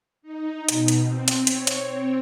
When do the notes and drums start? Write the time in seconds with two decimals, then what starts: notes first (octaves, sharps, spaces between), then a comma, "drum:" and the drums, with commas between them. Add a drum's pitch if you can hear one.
0.22 D#4
0.69 B2, drum: hi-hat
0.88 drum: hi-hat
1.04 C4
1.28 drum: hi-hat
1.47 C#5, drum: hi-hat
1.67 drum: hi-hat
1.82 C4